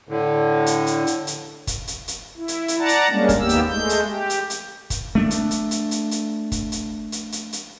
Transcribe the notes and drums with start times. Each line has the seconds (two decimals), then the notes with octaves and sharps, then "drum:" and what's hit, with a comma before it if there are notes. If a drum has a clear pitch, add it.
0.09 A2 D3
0.66 drum: hi-hat
0.87 drum: hi-hat
1.07 drum: hi-hat
1.27 drum: hi-hat
1.67 drum: kick, hi-hat
1.88 drum: hi-hat
2.08 drum: hi-hat
2.37 E4
2.48 drum: hi-hat
2.68 drum: hi-hat
2.79 D5 F#5 A5 A#5
2.88 drum: hi-hat
3.10 G3 G#3 A#3 C#4 D4
3.29 drum: kick, hi-hat
3.39 D#2 D#3 A#3 B3 G4 E6
3.49 drum: hi-hat
3.69 G#3 A3 G6
3.89 drum: hi-hat
4.06 G4
4.30 drum: hi-hat
4.50 drum: hi-hat
4.90 drum: kick, hi-hat
5.15 A3 D4
5.31 drum: hi-hat
5.51 drum: hi-hat
5.71 drum: hi-hat
5.91 drum: hi-hat
6.11 drum: hi-hat
6.52 drum: kick, hi-hat
6.72 drum: hi-hat
7.12 drum: hi-hat
7.32 drum: hi-hat
7.53 drum: hi-hat